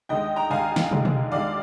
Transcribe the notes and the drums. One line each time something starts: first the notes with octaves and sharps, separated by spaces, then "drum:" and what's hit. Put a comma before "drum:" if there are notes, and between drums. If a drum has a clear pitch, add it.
D#2 D3 G#3 D#5 G5
G5 A#5
D#2 D3 G#3 F5 G#5
drum: snare
D#2 D3 G#3, drum: tom
drum: tom
D#2 D3 G#3 D5 F5